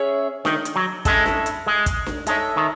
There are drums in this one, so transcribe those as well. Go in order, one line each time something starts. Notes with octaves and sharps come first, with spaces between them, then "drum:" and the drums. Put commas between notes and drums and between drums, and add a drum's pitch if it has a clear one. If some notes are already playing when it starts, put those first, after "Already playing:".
Already playing: C#4 G#4 C#5 E5
D#3, drum: snare D4
drum: hi-hat
F#3
G#3 C#4 E4 A4, drum: kick, hi-hat
drum: snare D4
drum: hi-hat
G#3
drum: kick, hi-hat
drum: snare D4
G#3 D#4 A4 C#5 E5, drum: hi-hat
D#3